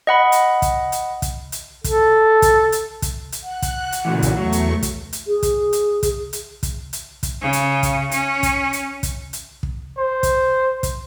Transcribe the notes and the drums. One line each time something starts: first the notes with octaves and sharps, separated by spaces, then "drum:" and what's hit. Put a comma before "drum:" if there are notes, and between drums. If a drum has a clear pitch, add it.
D#5 F#5 B5
drum: hi-hat
drum: kick, hi-hat
drum: hi-hat
drum: kick, hi-hat
drum: hi-hat
A4, drum: kick, hi-hat
drum: kick, hi-hat
drum: hi-hat
drum: kick, hi-hat
drum: hi-hat
F#5 F#6
drum: kick, hi-hat
drum: hi-hat
A#2 C#3 E3 A3 F#4
drum: kick, hi-hat
E2 F#3 A3 C#6
drum: hi-hat
drum: kick, hi-hat
drum: hi-hat
G#4
drum: kick, hi-hat
drum: hi-hat
drum: kick, hi-hat
drum: hi-hat
drum: kick, hi-hat
drum: hi-hat
drum: kick, hi-hat
C#3
drum: hi-hat
drum: kick, hi-hat
C#4, drum: hi-hat
drum: kick, hi-hat
drum: hi-hat
drum: kick, hi-hat
drum: hi-hat
drum: kick
C5
drum: kick, hi-hat
drum: kick, hi-hat